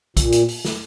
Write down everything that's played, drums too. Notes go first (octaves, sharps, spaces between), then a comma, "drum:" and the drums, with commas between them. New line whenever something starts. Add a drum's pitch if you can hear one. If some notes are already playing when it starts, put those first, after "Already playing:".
A#2, drum: kick, hi-hat
drum: hi-hat
drum: open hi-hat
drum: snare